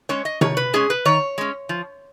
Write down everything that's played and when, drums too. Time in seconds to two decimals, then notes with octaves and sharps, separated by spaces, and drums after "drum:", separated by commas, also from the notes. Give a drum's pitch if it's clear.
0.09 G#3 C#4 C#5
0.25 D#5
0.41 D#3 C#5, drum: tom C3
0.57 B4
0.73 G#3 C#4 G#4
0.90 B4
1.05 D#3 C#5
1.38 G#3 C#4
1.69 F3